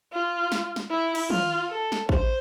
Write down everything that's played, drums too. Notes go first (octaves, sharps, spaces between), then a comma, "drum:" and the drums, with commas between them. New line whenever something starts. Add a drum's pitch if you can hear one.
F4
drum: snare
drum: snare
E4
drum: cymbal
F4, drum: tom
A4
drum: snare
C5, drum: kick A1